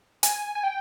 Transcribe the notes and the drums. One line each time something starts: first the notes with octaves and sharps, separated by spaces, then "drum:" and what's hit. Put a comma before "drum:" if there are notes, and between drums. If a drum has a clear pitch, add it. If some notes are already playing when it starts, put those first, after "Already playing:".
G#5, drum: hi-hat
G#5
G5